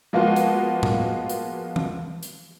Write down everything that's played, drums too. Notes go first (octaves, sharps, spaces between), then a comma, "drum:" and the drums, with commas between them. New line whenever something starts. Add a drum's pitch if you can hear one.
F3 G#3 A#3 B3 F4 F#4
drum: hi-hat
drum: tom A2
drum: hi-hat
drum: tom E3
drum: hi-hat